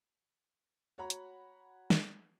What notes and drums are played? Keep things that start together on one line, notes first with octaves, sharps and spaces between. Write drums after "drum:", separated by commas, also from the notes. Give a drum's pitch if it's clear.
F#4 C#5 F#5 A#5 B5
drum: hi-hat
drum: snare